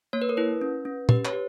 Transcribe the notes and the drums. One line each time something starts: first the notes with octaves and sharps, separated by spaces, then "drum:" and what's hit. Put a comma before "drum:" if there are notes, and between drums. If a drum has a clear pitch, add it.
A#3 C#5
B4
A#4
E4 B4
C#4
C#4
G4 B4, drum: tom
C#5, drum: clap
G4